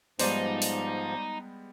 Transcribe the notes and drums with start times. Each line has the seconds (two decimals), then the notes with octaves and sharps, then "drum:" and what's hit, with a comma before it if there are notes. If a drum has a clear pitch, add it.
0.19 G#2 F3 G3 G#3 B3 D#4 C5 D5, drum: open hi-hat
0.62 drum: open hi-hat